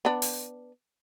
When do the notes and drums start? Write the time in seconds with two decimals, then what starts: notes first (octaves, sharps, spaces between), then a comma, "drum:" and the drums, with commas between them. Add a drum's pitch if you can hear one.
0.05 B3 D4
0.22 drum: open hi-hat